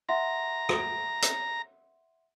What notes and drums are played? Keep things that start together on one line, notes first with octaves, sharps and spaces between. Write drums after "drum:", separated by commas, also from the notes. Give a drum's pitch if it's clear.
E5 F#5 A#5 C6
drum: rim click
drum: hi-hat